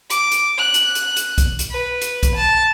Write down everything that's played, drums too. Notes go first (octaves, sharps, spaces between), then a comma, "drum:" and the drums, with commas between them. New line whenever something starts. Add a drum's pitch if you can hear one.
D6, drum: hi-hat
drum: hi-hat
F#6
drum: hi-hat
drum: hi-hat
drum: hi-hat
drum: kick B1, hi-hat
drum: hi-hat
B4
drum: hi-hat
drum: kick B1, hi-hat
A5